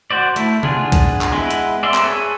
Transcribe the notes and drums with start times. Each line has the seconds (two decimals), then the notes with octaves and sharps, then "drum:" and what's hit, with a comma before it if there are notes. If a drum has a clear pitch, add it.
0.11 F#4 C5 D5
0.36 A3 E4, drum: hi-hat
0.63 B3 D4 F4 G#4, drum: tom C3
0.92 drum: kick B1, hi-hat
1.21 drum: clap
1.33 G#3 B3 E4 B4
1.51 drum: hi-hat
1.83 D5 E5 C6
1.94 drum: clap
2.03 G#4 A4 B4 C#5